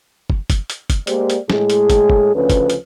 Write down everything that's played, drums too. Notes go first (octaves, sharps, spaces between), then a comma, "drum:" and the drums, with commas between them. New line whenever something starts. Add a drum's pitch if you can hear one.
drum: kick
drum: kick, hi-hat
drum: hi-hat
drum: kick, hi-hat
G#3 A#3 G4 C5 D5, drum: hi-hat
drum: hi-hat
A2 G#3 G#4, drum: snare
drum: hi-hat
drum: kick, hi-hat
drum: kick
D2 C#3 F3 C#4 A4 B4
drum: kick, hi-hat
drum: hi-hat